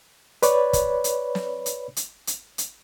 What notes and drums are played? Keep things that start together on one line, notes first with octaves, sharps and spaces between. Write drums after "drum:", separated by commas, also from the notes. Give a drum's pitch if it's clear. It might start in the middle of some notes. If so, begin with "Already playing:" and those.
B4 C#5 D5 B5, drum: hi-hat
drum: kick, hi-hat
drum: hi-hat
drum: snare
drum: hi-hat
drum: hi-hat
drum: hi-hat
drum: hi-hat